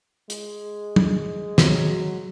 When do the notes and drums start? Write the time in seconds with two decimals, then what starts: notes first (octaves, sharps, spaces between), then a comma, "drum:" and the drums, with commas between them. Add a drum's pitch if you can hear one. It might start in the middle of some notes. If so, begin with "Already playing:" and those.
0.30 G#3, drum: hi-hat
0.96 drum: tom
1.58 F#3, drum: snare